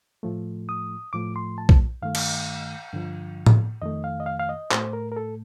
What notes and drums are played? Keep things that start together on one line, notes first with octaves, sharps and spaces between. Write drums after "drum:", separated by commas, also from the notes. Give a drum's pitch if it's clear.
A2 F3 A3
D#6
A2 F3 A3 D6
C6
A5
drum: kick B1
G2 D#3 A3 F5
drum: cymbal
G2 D3 F3
drum: tom A2
F2 D#3 A3 D#5
F5
D#5
F5
F5
D#5
A2 A3 C5, drum: clap
A#4
A#4
A4